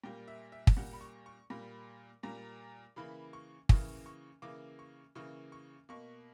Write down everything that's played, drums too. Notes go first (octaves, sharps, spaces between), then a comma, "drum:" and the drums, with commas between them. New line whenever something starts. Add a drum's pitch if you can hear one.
A#2 G3 A#3 G5
E5
E5
drum: kick
A#2 G3 A#3 F#5
B5
C#6
C#6
A#2 G3 A#3 B5
A#2 G3 A#3 A#5
C#3 E3 A#3 B5
C#6
C#3 E3 A#3 C#6, drum: kick
C#6
C#3 E3 A#3 D6
C#6
C#3 E3 A#3 C#6
C#6
B2 A#3 C#6